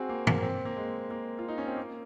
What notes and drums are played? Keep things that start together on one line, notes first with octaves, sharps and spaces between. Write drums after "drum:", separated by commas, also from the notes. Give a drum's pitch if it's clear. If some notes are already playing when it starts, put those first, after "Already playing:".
Already playing: C4 F#4 G#4
A#3
A#3, drum: tom
A#3
C4
A#3
G#3
A#3
F4
D#4
C#4
C4
A#3